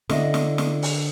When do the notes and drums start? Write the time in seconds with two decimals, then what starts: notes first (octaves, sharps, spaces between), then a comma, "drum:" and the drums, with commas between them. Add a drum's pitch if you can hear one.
0.09 D3 D#5 E5, drum: snare
0.34 drum: snare
0.58 drum: snare
0.82 drum: open hi-hat